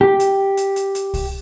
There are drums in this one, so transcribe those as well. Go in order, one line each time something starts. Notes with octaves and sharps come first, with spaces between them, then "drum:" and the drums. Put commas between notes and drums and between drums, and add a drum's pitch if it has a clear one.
G4
drum: hi-hat
drum: hi-hat
drum: hi-hat
drum: hi-hat
drum: kick C2, open hi-hat